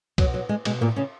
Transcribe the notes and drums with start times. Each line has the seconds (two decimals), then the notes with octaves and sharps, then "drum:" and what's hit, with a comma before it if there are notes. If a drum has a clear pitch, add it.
0.18 B2 F#3, drum: kick, cymbal
0.34 F#3
0.49 G#3
0.65 B2 G#3, drum: cymbal
0.81 A#2 A#3
0.96 C#3 C#4